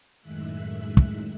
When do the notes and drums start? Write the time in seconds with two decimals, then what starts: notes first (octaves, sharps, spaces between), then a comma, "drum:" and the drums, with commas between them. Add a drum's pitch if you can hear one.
0.21 F#2 A2 D#3 G#3 E5 F#6
0.97 drum: kick